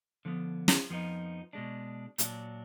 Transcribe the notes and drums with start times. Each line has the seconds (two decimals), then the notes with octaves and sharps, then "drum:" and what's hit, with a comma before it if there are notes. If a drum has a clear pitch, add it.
0.25 D3 F3 B3
0.68 drum: snare
0.90 F2 F3 B3 D#4
1.53 B2 G#3 D4
2.18 A#2 F#3 D4, drum: hi-hat